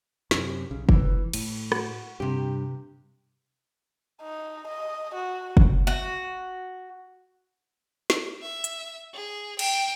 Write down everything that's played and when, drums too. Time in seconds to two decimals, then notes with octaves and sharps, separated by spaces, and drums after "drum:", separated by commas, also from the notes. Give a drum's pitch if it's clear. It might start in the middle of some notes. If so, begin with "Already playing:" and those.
0.31 F#2 C3, drum: snare
0.71 B1 C#3
0.89 E3, drum: kick F1
1.33 A2, drum: cymbal
1.72 F#4, drum: rim click
2.20 G2 C3 G4
4.21 D#4
4.68 D#5
5.14 F#4
5.57 drum: kick F1
5.87 F#4
8.10 drum: snare
8.42 E5
8.64 drum: hi-hat
9.14 G#4
9.59 G5, drum: cymbal